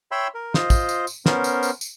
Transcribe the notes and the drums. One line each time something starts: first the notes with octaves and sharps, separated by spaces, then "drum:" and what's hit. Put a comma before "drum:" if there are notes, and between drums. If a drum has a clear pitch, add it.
C#5 E5 G5 B5 C6 E6
A#4
F4 C5 D#5, drum: snare
drum: kick, tambourine
drum: tambourine
drum: tambourine
B3 C#4 A#4 C5, drum: snare
drum: tambourine
drum: tambourine
drum: tambourine